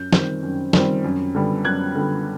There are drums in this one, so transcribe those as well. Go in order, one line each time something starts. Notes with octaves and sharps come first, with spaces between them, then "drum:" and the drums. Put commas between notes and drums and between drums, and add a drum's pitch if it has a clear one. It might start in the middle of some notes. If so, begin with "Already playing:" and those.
Already playing: F#2 G6
D#3 G3 C4, drum: snare
F#2
D#3 G3 C4, drum: snare
F#2
D3 G3 B3
F#2 F#6 G#6
D3 G3 B3